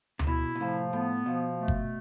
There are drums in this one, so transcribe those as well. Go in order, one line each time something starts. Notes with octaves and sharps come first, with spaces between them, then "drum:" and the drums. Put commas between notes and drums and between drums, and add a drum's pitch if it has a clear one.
C3, drum: tom D2
B2 E4
B2
A2 C3 F3
A2 B3
B2 F3
A3
drum: kick